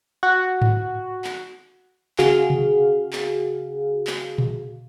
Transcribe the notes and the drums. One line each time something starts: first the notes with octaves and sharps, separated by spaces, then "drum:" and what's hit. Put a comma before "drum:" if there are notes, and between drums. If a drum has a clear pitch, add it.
F#4
drum: tom G#2
drum: clap
C#3 F#4 G#4 F5, drum: clap
drum: tom C3
drum: clap
drum: clap
drum: tom A#2